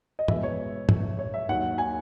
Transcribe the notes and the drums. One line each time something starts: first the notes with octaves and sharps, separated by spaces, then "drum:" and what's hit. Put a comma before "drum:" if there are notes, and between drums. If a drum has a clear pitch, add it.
D#5
B2 G#3 B3 E5, drum: tom
C#5
drum: tom
C#5
E5
D#2 D#3 F#3 F#5
G#5